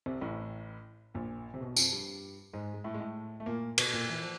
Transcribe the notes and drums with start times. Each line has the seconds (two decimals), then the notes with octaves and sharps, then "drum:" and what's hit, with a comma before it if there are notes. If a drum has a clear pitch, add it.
0.06 C2 C3
0.21 A1 A2
1.14 A#1 A#2
1.54 C3
1.61 B1 B2
1.76 F2 F3, drum: tambourine
1.91 G2 G3
2.53 G#2 G#3
2.74 G#3
2.84 A2 A3
2.94 G#3
3.00 A2 A3
3.40 A3
3.46 A#2 A#3
3.78 B2 B3, drum: cymbal
3.93 A#2 A#3
4.09 E3
4.20 F3